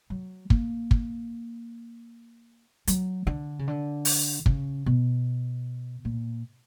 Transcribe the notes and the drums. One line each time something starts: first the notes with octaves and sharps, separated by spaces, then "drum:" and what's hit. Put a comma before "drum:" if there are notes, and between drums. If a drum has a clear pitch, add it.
F#3
A#3, drum: kick
drum: kick
F#3, drum: hi-hat
D3
C#3
D3
drum: open hi-hat
C#3, drum: kick
B2
A#2